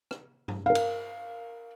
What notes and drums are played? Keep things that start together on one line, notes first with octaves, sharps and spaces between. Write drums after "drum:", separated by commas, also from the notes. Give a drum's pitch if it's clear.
drum: rim click
drum: tom
A#4 F5
drum: cymbal